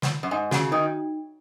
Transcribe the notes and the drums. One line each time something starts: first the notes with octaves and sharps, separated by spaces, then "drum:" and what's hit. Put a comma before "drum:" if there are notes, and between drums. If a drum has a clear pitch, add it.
drum: snare
F#2
G#2 G#5
C#3 F#4, drum: snare
D#3 D#4